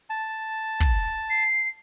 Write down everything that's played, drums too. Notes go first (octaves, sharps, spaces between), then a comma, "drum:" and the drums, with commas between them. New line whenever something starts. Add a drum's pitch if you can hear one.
A5
drum: kick
C7